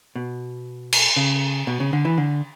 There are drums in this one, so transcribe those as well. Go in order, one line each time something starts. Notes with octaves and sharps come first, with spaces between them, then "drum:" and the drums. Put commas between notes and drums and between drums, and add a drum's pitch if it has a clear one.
B2
drum: cymbal
C#3
B2
C#3
D3
E3
D3